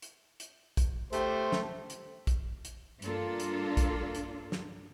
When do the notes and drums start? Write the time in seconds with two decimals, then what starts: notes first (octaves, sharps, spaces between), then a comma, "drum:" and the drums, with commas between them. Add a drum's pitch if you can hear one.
0.02 drum: hi-hat
0.40 drum: hi-hat
0.77 drum: kick, hi-hat
1.13 A3 G4 C5, drum: hi-hat
1.52 drum: snare
1.90 drum: hi-hat
2.27 drum: kick, hi-hat
2.65 drum: hi-hat
3.02 G2 A#3 D4 F4 A4, drum: hi-hat
3.40 drum: hi-hat
3.77 drum: kick, hi-hat
4.15 drum: hi-hat
4.52 drum: snare